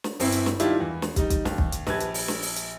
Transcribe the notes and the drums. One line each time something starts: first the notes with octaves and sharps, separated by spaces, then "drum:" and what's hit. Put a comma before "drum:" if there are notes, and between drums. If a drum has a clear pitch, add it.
drum: snare
G1 C4 E4, drum: open hi-hat
drum: hi-hat
drum: snare
D#3 G3 D4 E4 F4 G4, drum: hi-hat
E2
drum: snare
G3 D#4, drum: kick, hi-hat
drum: kick, hi-hat
D#2, drum: snare
drum: kick
drum: hi-hat
A#1 G4 B4 A5 G#6, drum: snare
drum: hi-hat
drum: open hi-hat
drum: snare
drum: open hi-hat
drum: hi-hat